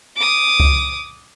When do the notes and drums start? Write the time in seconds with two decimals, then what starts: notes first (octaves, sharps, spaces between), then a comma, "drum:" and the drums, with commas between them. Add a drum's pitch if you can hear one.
0.16 D6 D#6
0.60 drum: kick C#2